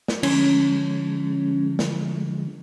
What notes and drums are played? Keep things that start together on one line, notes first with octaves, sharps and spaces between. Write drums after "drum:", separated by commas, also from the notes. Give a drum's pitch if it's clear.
drum: snare
D3 F3 G#3 C#4, drum: cymbal
drum: snare